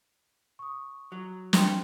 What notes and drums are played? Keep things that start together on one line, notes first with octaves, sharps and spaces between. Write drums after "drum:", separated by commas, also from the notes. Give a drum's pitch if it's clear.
C#6 D#6
F#3
D4 G5 C6, drum: snare